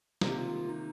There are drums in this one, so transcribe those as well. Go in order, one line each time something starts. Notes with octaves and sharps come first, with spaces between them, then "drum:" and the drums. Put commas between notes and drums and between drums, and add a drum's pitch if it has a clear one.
C3 D#3 A#3 F4, drum: snare
G4
F4
D#4